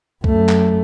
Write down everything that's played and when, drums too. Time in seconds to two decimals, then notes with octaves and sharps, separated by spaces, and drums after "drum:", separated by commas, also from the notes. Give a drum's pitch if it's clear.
0.24 F#2 A3, drum: kick C2
0.49 drum: clap